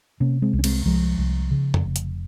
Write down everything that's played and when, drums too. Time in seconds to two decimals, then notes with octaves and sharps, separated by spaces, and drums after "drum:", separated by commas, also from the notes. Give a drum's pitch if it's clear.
0.20 C3 A#3 C#4
0.42 G#3 C4
0.53 C2
0.59 C#4
0.64 G#3 C4, drum: cymbal
0.85 C2 F3 G#3
1.18 C2
1.51 C#3
1.74 drum: tom F2
1.84 F1
1.96 drum: hi-hat